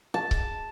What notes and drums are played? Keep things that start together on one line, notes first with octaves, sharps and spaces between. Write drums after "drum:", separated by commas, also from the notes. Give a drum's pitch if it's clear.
A5
drum: kick C#1